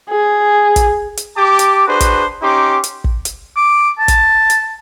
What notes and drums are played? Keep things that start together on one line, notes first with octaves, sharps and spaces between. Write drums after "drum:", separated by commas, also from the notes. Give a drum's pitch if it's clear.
G#4
drum: kick, hi-hat
drum: hi-hat
G4 A5 D6
drum: hi-hat
D4 F#4 G#4 B4 C5
drum: kick, hi-hat
C#4 D#4 G4 C6 D6
drum: hi-hat
drum: kick
drum: hi-hat
D6
A5
drum: kick, hi-hat
drum: hi-hat